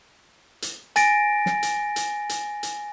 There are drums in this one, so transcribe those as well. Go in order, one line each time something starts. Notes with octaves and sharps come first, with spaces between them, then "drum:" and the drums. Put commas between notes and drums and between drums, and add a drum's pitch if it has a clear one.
drum: hi-hat
G#5 A6 A#6 D7, drum: hi-hat
drum: snare
drum: hi-hat
drum: hi-hat
drum: hi-hat
drum: hi-hat